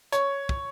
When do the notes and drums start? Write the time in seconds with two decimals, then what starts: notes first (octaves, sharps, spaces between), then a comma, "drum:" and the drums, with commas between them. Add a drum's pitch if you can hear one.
0.12 C#5, drum: hi-hat
0.49 drum: kick